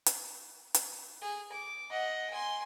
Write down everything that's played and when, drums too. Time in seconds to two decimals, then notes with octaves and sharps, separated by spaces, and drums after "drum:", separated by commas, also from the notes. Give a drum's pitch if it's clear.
0.06 drum: hi-hat
0.74 drum: hi-hat
1.22 G#4
1.52 D6
1.91 D#5 F#5
2.30 G#5 C6